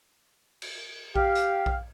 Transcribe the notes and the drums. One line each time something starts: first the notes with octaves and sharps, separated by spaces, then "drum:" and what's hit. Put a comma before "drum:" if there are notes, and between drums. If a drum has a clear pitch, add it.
drum: cymbal
G4 F5, drum: kick A#1
drum: hi-hat
drum: kick A#1